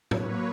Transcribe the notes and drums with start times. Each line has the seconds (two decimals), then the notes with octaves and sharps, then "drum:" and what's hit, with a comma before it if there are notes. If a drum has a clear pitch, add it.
0.11 A2 F#3 A#3 B4 C#5, drum: tom A2